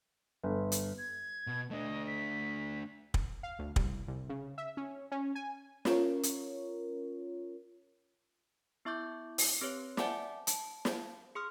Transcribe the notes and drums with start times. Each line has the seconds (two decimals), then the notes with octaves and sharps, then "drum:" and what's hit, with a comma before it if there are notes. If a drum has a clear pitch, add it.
0.44 G1
0.72 drum: hi-hat
0.98 G#6
1.47 B2
1.71 A3 D4 D#5
2.07 B6
3.14 drum: kick
3.43 F5
3.59 D2
3.76 C2, drum: kick
4.08 C2
4.29 C#3
4.58 E5
4.77 C#4
5.12 C#4
5.35 G#5
5.85 C#4 F4 A#4 C#5, drum: snare
6.23 drum: hi-hat
8.85 B3 E4 E5 C#6 D6 G6
9.38 drum: open hi-hat
9.61 C4 G4 B4 C#5
9.97 D5 E5 F#5 G#5 A5 D6, drum: snare
10.47 A5, drum: hi-hat
10.85 drum: snare
11.35 G#4 C6 D#6 F6